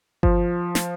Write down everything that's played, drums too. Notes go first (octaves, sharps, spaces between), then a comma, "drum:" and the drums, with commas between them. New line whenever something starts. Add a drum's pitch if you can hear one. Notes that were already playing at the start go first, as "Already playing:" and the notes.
F3, drum: kick G1
drum: snare